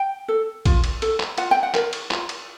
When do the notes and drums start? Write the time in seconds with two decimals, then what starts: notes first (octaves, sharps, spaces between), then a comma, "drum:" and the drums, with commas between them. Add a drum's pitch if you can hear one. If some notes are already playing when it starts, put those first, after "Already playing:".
Already playing: G5
0.28 A4
0.65 F4, drum: kick A#1, cymbal
0.84 drum: cymbal
1.02 A4, drum: cymbal
1.20 drum: clap
1.38 F4 F#5, drum: cymbal
1.51 G5
1.63 F#5
1.74 A#4, drum: clap
1.93 drum: cymbal
2.11 F4, drum: clap
2.29 drum: cymbal